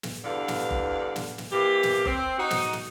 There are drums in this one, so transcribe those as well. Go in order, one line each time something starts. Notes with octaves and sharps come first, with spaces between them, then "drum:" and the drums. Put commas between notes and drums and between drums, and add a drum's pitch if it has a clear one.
drum: snare
E2 G2 D3 F5
drum: snare
drum: kick F#1
drum: snare
drum: snare
E3 A#3 G4
drum: snare
C4, drum: kick F#1
D#4 F#4
drum: snare
drum: snare